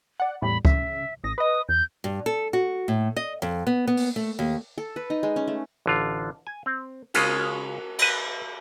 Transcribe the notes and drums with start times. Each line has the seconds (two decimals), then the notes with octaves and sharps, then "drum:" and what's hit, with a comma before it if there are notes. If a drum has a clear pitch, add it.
0.20 D5 F#5
0.42 E2 A2 G3 B5
0.65 C#3 E5, drum: kick C#2
1.24 A1 D#6 A#6
1.38 B4 D#5 D#6
1.69 E2 G6
2.04 G2
2.26 A4
2.53 F#4
2.88 A2
3.16 D#5
3.42 F2
3.67 B3
3.87 B3
3.97 drum: open hi-hat
4.16 A3
4.39 D#2
4.78 A4
4.96 B4
5.10 D#4
5.23 G#3
5.36 C#4
5.48 A3
5.86 A1 D3 F4
6.47 G#5
6.66 C4
7.14 C#3 G#3 C#4 F4, drum: cymbal
7.98 B4 D#5, drum: cymbal